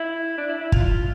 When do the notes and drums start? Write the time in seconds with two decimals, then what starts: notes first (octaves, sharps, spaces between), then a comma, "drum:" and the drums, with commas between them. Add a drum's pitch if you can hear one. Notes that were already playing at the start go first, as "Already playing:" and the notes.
Already playing: E4
0.38 D4
0.49 E4
0.61 E4
0.72 F4, drum: kick